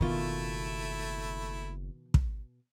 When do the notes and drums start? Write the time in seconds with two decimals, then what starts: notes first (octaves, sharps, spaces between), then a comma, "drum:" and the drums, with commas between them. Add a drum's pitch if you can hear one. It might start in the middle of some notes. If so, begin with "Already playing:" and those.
0.01 F#1 B2 D#3 A3 E4 F4
2.14 drum: kick